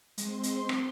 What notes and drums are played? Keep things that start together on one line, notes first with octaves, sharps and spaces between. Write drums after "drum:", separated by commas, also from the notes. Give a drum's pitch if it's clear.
G#3 C4 C6, drum: hi-hat
drum: hi-hat
drum: rim click